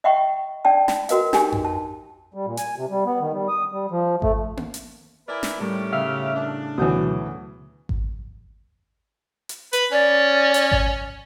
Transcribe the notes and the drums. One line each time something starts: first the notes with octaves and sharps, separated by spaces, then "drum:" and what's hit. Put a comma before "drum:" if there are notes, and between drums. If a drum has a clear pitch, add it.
D#5 E5 F#5 G5 B5 C#6
D4 D5 G5 A5
B5, drum: snare
F#4 A#4 B4 D#5 F5, drum: hi-hat
D4 D#4 G4 G#4 G#5, drum: snare
drum: tom F2
A5
G3
A#2
G#5, drum: hi-hat
C3
G3
B3
D#3
G3
D#6
G3
F3
A3, drum: kick G#1
drum: tom A#3
drum: hi-hat
E4 A#4 B4 D5 G#5
drum: snare
A2 D#3 G3 A3 C#4 G4
C#3 E5 F5 F6
D4
D2 B2 E3 F#3 D#6 G6
drum: kick G#1
drum: hi-hat
B4, drum: hi-hat
C#4 D5
drum: hi-hat
drum: kick G#1